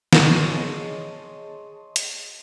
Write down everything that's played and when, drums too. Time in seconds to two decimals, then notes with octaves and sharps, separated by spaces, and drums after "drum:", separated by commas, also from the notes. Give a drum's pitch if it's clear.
0.13 G#4 C#5 D#5 A5 C6 D#6, drum: snare
1.96 drum: hi-hat